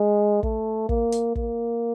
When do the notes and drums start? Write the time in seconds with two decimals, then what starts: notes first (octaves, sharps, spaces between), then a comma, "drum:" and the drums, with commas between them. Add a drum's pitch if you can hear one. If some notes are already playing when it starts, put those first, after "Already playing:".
Already playing: G#3
0.43 A3, drum: kick
0.89 A#3, drum: kick
1.12 drum: hi-hat
1.35 A#3, drum: kick